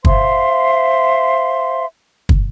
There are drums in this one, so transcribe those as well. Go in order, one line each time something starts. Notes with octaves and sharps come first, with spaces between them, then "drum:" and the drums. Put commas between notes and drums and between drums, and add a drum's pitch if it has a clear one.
C5 E5 F5 C6, drum: kick
drum: kick